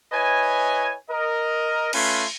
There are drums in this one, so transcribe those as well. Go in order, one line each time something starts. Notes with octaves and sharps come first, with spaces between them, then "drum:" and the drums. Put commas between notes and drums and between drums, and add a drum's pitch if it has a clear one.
E4 B4 C#5 D#5 G#5
A#4 D#5
A3 C#4 F4 B4 G#5 C6, drum: cymbal